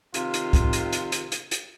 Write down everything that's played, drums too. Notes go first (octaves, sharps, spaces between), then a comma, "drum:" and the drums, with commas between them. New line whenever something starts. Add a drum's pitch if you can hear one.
C3 D#3 F4, drum: hi-hat
drum: hi-hat
drum: kick, hi-hat
drum: hi-hat
drum: hi-hat
drum: hi-hat
drum: hi-hat
drum: hi-hat